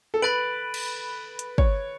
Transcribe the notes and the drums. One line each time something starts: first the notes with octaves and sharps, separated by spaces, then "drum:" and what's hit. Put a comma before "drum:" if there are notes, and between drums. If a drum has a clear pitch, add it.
A4
B4 B5 F#6 A6 D7 F#7
drum: cymbal
drum: hi-hat
C#5, drum: kick